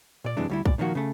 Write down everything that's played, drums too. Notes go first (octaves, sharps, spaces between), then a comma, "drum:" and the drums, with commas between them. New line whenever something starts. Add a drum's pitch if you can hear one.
A#2 D5
F#2 C3 E3 G#3 D4
D2 G3 E4
G2 A#2 D5, drum: kick
A#2 D#3 F3 A#3 F#4
C#3 A3